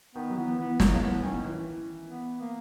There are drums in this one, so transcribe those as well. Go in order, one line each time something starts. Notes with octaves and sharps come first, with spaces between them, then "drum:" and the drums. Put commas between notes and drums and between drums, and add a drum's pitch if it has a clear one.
D#3 B3
F#3
E3 B3
E3 B3
E3 G#3 A#3, drum: snare
E3 B3
D#3 C#4
D#3
E3
B3
A#3